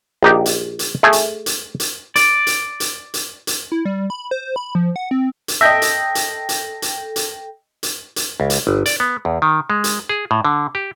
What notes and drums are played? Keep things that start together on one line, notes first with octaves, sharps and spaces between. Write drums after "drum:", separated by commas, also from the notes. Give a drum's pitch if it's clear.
A#1 D#4 G4
drum: hi-hat
drum: hi-hat
A3 G#4
drum: hi-hat
drum: hi-hat
drum: hi-hat
D5, drum: hi-hat
drum: hi-hat
drum: hi-hat
drum: hi-hat
drum: hi-hat
E4
G3
B5
C5
B5
F3
F#5
C4
drum: hi-hat
A4 D#5 E5 G5 A#6
drum: hi-hat
drum: hi-hat
drum: hi-hat
drum: hi-hat
drum: hi-hat
drum: hi-hat
drum: hi-hat
C#2
drum: hi-hat
G1
D5, drum: hi-hat
B3
E2
D#3
G#3
drum: hi-hat
G#4
A2
D3
G4